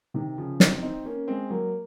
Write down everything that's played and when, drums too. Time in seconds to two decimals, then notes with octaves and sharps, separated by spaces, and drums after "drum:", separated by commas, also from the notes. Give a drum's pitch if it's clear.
0.14 C3 D#3
0.38 C#3 F3
0.60 C4 D#4, drum: snare
0.82 C4 D#4
1.05 A#3 C#4
1.28 G#3 C4
1.50 F#3 A#3